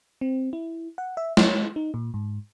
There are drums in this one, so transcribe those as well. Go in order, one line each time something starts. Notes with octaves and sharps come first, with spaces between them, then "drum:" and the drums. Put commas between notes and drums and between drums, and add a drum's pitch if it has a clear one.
C4
E4
F#5
E5
C#5, drum: snare
D#4
A#2
G#2